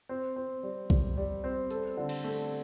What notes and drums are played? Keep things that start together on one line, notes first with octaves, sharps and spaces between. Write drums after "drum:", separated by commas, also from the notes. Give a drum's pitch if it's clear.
C4
C4
G3
G3, drum: kick B1
G3
C4
A4, drum: tambourine
D3
drum: cymbal
A3